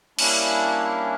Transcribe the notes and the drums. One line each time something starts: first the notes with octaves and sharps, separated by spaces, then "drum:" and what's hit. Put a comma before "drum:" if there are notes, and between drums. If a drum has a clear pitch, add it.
G3 A#3 C#4 D4 E4, drum: cymbal